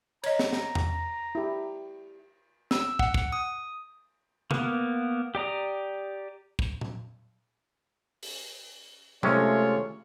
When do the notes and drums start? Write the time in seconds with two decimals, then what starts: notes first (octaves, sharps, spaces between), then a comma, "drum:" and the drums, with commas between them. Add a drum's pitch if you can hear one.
0.24 C#5 D#5 A#5, drum: cymbal
0.39 drum: snare
0.53 drum: snare
0.75 drum: tom E2
1.35 E4 G4
2.71 E6, drum: snare
2.99 F#5, drum: kick
3.14 drum: kick
3.32 D#6
4.51 A#3 B3, drum: tom C3
5.35 G4 D5 A#5 D#6
6.59 drum: kick
6.81 drum: tom A#2
8.23 drum: open hi-hat
9.23 C3 G#3 A3 C#4 F4 C#5, drum: tom